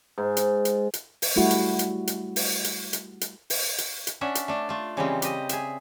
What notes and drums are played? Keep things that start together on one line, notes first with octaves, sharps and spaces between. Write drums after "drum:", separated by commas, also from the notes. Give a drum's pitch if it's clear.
G#2
drum: hi-hat
drum: hi-hat
drum: hi-hat
drum: open hi-hat
G3 A3 E4 F#4
drum: hi-hat
drum: hi-hat
drum: hi-hat
drum: open hi-hat
drum: hi-hat
drum: hi-hat
drum: hi-hat
drum: open hi-hat
drum: hi-hat
drum: hi-hat
C#4 D4 E5 F#5
drum: hi-hat
A3 D4
A3 F4
C#3 E3 F3 G3 G#3 C4
G4 D#5, drum: hi-hat
G#4 E5, drum: hi-hat